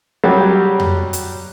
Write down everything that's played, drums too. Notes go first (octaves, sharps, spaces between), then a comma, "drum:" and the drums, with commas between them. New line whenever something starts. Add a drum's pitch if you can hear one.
F#3 G3 G4
drum: tom F2
drum: hi-hat